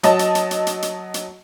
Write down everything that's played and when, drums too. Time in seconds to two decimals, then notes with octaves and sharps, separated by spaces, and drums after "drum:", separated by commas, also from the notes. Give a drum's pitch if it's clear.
0.03 F#3 D#5 A5, drum: hi-hat
0.19 drum: hi-hat
0.35 drum: hi-hat
0.51 drum: hi-hat
0.67 drum: hi-hat
0.82 drum: hi-hat
1.14 drum: hi-hat